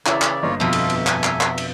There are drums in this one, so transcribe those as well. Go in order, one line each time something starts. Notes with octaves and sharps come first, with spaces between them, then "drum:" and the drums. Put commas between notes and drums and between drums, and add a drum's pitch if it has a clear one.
C#3 E3 E4 C#5 D5 E5, drum: clap
drum: clap
G1 A#3 F4 C#5 D#5
F2 B2 F4 A4 E5
drum: cymbal
drum: cymbal
A4 G#5, drum: clap
drum: clap
drum: clap
drum: cymbal